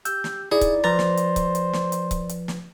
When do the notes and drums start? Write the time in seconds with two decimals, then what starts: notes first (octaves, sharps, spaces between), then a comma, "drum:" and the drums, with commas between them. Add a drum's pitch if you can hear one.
0.05 G4 E6 G6, drum: hi-hat
0.24 drum: snare
0.52 D#4 E4 G#4 D5
0.61 drum: kick C#1, hi-hat
0.84 F3 B4 C5 A#5 A6
0.99 drum: snare
1.17 drum: hi-hat
1.36 drum: kick C#1, hi-hat
1.55 drum: hi-hat
1.73 drum: snare
1.92 drum: hi-hat
2.11 drum: kick C#1, hi-hat
2.29 drum: hi-hat
2.48 drum: snare